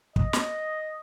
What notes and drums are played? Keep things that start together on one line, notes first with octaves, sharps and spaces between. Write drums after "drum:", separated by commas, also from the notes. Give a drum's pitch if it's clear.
D#5, drum: kick
drum: snare